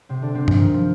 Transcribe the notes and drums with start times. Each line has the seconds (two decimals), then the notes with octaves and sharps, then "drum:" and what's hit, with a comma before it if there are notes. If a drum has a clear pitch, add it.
0.09 C3 C4
0.22 D3 D4
0.34 C3 C4
0.48 F3, drum: tom G2
0.60 D#3
0.74 F3